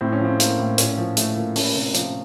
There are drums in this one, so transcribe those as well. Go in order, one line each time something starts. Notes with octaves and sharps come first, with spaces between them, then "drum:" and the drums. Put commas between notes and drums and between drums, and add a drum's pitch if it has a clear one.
A2 C4
C#4
F3 C4
A#3, drum: hi-hat
A2
A#2 C#4, drum: hi-hat
F3
A3, drum: hi-hat
A#2
A3 C#4, drum: open hi-hat
C3
F3, drum: hi-hat